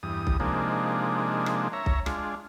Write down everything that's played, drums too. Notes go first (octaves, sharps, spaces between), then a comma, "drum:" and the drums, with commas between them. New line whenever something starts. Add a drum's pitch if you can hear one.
E2 G2 D#6
drum: kick B1
C3 F3 G#3 A#3 D4 D#4
drum: rim click
C#5 E5 A#5
drum: kick B1
G#3 D4 F4, drum: rim click